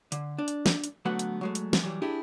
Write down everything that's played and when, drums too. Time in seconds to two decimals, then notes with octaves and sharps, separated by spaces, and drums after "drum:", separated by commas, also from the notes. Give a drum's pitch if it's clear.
0.12 D3, drum: hi-hat
0.38 D4
0.48 drum: hi-hat
0.66 drum: snare
0.84 drum: hi-hat
1.05 D3 F#3 A3 B3 B4 F#5
1.19 drum: hi-hat
1.41 F#3 G#3 A3
1.55 drum: hi-hat
1.73 drum: snare
1.83 E3 F#3 G3
2.02 D4 E4 G4 G#4